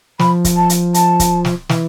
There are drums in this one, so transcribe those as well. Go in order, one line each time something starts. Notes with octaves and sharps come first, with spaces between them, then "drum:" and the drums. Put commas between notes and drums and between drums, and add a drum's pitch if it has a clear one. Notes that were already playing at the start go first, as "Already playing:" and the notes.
F3 B5, drum: snare
drum: kick C#1, hi-hat
A5
drum: hi-hat
A5, drum: hi-hat
drum: kick C#1, hi-hat
drum: snare
E3, drum: snare